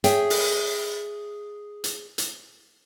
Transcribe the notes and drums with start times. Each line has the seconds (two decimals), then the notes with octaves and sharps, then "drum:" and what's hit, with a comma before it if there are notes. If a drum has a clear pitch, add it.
0.04 G#4 C#5 E5 G5, drum: hi-hat
0.30 drum: open hi-hat
1.84 drum: hi-hat
2.18 drum: hi-hat